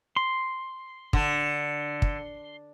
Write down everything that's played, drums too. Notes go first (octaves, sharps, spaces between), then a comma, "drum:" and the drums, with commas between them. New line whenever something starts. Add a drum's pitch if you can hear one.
C6
D3, drum: kick
drum: kick